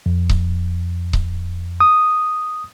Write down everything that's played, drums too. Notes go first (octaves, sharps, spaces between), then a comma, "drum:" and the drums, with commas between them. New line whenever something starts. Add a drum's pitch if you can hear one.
F2
drum: kick C#1
drum: kick C#1
D#6